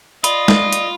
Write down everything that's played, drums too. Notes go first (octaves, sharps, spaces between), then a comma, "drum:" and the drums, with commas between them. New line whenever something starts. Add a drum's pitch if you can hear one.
F4 D5 D#5 B5, drum: hi-hat
drum: snare
drum: hi-hat